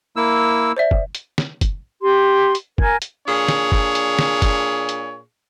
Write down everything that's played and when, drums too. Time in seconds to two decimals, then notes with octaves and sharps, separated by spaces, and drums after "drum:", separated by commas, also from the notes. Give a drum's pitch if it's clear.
0.16 A#3 E4 E6
0.77 C5 D5 E5
0.91 drum: kick F#1
1.15 drum: hi-hat
1.38 drum: snare
1.61 drum: kick F#1, hi-hat
2.01 G4 C6
2.55 drum: hi-hat
2.78 A#4 G#5 G#6, drum: kick F#1
3.02 drum: hi-hat
3.26 A#2 D4 G#4 C#5
3.48 drum: snare
3.72 drum: kick F#1
3.95 drum: hi-hat
4.19 drum: snare
4.42 drum: kick F#1, hi-hat
4.89 drum: hi-hat